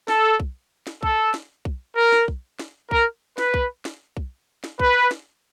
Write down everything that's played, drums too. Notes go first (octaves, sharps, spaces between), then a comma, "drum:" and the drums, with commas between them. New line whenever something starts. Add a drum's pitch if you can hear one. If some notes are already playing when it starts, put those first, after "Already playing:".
A4, drum: snare
drum: kick B1
drum: snare
A4, drum: kick B1
drum: snare
drum: kick B1
A#4
drum: snare
drum: kick B1
drum: snare
A#4, drum: kick B1
B4, drum: snare
drum: kick B1
drum: snare
drum: kick B1
drum: snare
B4, drum: kick B1
drum: snare